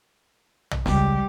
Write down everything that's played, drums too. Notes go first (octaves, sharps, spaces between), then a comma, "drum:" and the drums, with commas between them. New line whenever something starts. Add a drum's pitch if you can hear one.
drum: tom A#1
C#2 G3 G4, drum: snare